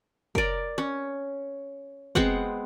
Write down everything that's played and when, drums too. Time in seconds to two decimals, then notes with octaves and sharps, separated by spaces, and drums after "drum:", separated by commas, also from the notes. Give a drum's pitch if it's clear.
0.35 A#4 D5, drum: kick
0.78 C#4
2.15 G#3 B3 C4 F#5, drum: kick